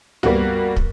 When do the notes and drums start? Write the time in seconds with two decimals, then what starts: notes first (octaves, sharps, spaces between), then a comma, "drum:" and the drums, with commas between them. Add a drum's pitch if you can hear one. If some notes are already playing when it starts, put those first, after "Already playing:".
0.23 G3 A#3 B3 F#4, drum: tom
0.76 drum: kick